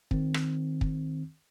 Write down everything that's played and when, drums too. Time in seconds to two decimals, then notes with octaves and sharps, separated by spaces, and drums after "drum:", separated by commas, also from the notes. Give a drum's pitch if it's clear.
0.11 D#3 C4, drum: kick
0.34 drum: rim click
0.81 drum: kick